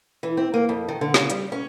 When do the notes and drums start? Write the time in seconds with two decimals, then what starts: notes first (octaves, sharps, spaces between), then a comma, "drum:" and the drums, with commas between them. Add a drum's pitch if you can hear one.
0.23 E3
0.37 C4
0.54 A#3
0.69 F2
0.88 D#3
1.01 D3
1.14 C#3, drum: snare
1.30 G3, drum: hi-hat
1.52 C#4